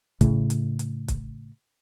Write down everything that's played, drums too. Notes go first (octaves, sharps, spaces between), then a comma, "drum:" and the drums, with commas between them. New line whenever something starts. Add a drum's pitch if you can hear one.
A2 C#3 A3, drum: kick, hi-hat
drum: hi-hat
drum: hi-hat
drum: kick, hi-hat